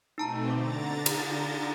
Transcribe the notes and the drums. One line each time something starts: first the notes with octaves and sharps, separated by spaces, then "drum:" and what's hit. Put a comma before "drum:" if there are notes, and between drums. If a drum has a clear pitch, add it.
B2 A3 C4 D#4 A5 A#5
D3 A#5 D6 A6
drum: cymbal